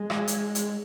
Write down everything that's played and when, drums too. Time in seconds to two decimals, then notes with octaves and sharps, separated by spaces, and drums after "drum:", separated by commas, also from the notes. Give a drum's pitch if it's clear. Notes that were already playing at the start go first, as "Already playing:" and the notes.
Already playing: G#3
0.10 drum: rim click
0.28 drum: hi-hat
0.55 drum: hi-hat